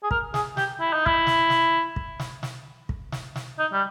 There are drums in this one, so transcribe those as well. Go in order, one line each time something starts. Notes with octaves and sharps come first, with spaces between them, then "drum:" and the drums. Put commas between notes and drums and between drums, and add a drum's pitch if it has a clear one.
G#4
A#4, drum: kick
G#4, drum: snare
G4, drum: snare
E4
D#4
E4, drum: kick
drum: snare
drum: snare
drum: kick
drum: snare
drum: snare
drum: kick
drum: snare
drum: snare
D#4
G3